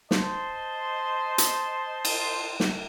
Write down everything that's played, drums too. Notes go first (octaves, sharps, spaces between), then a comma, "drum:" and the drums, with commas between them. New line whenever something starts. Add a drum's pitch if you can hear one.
C5 D#5 A5 C6, drum: snare
drum: hi-hat
drum: cymbal
drum: snare